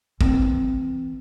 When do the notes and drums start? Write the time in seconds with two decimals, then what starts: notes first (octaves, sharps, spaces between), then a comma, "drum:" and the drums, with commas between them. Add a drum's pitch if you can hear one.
0.21 E3 C4, drum: kick